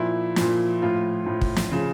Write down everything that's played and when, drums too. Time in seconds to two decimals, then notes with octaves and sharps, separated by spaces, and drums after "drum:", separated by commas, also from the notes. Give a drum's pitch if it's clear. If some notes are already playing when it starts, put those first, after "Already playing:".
Already playing: A#2 F3 E4
0.36 A#2 F3, drum: snare
0.82 A2 F3 F4
1.26 A2 F3
1.41 drum: kick
1.56 drum: snare
1.71 C#3 F3